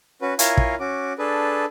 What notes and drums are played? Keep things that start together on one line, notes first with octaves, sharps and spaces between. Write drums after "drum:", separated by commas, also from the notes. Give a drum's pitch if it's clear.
C#4 F#4 B4
E4 F4 A#4 C#5 F5 G#5, drum: hi-hat
drum: kick
C#4 F#4 D6
D4 G#4 A4 B4